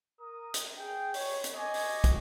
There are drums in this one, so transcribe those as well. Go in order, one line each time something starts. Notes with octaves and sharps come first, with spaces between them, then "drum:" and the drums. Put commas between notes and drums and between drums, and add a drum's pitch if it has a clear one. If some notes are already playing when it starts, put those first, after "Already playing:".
A#4 D#6
drum: hi-hat
G#4 G5
C#5, drum: open hi-hat
drum: hi-hat
D#5 G#5 C#6 D6
drum: open hi-hat
drum: kick, hi-hat